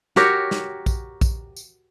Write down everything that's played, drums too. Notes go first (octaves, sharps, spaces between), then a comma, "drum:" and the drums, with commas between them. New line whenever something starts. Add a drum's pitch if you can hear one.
F#4 G4 A#4 C#5, drum: snare
drum: snare
drum: kick A#1, tambourine
drum: kick A#1, tambourine
drum: tambourine